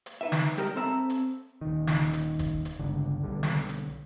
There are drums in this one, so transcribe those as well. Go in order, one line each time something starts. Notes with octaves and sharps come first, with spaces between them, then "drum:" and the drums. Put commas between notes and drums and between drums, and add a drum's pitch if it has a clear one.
drum: hi-hat
D#4 B4 E5
drum: snare
G3 G4 A#4 C5 D#5, drum: hi-hat
C4 A4 E5 A#5 B5
drum: hi-hat
D#1 D#3
drum: snare
drum: hi-hat
drum: kick G1, hi-hat
drum: hi-hat
G1 C#2 D3
B1 D3 G3
drum: snare
drum: hi-hat